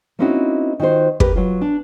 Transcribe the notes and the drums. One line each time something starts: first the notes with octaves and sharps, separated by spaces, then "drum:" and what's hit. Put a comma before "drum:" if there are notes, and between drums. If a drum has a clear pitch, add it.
A#3 C4 C#4 D#4 E4 F#4
D#3 F4 F#4 C5
G4 A#4 B4, drum: kick
F#3 F4
D4